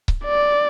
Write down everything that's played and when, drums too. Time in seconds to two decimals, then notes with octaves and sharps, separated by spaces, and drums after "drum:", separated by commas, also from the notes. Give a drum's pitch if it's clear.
0.08 drum: kick C#1
0.25 D5